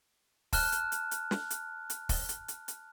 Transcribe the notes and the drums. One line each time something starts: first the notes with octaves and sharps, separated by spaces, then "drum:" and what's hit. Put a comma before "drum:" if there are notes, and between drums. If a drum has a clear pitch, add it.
A5 F6 F#6, drum: kick, open hi-hat
drum: hi-hat
drum: hi-hat
drum: hi-hat
drum: snare
drum: hi-hat
drum: hi-hat
drum: kick, open hi-hat
drum: hi-hat
drum: hi-hat
drum: hi-hat